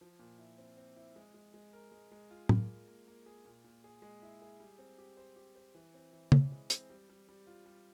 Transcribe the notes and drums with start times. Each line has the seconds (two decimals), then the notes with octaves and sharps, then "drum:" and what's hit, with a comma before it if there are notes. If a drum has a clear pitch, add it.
0.01 F3
0.19 A#2
0.38 E4
0.58 C4
0.77 C4
0.96 E4
1.16 G#3
1.34 G#3
1.54 G#3
1.73 A#4
1.92 G#3
2.11 G#3
2.30 F4
2.49 A#3, drum: tom A2
2.68 A#3
2.88 A#3
3.08 A#3
3.26 G#4
3.45 A#2
3.64 A#2
3.84 G#4
4.02 G#3
4.22 E4
4.41 G#4
4.60 G3
4.79 C4
4.98 G4
5.17 C5
5.36 G4
5.56 C5
5.75 E3
5.94 C4
6.13 E3
6.32 E3, drum: tom
6.52 G#3
6.70 C4, drum: hi-hat
6.90 G3
7.09 G3
7.29 G3
7.47 F4
7.66 G3